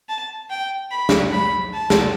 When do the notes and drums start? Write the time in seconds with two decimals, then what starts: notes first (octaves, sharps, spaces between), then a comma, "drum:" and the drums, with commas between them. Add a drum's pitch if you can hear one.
0.09 A5
0.50 G5
0.91 B5
1.09 drum: snare
1.33 B5
1.74 A5
1.90 drum: snare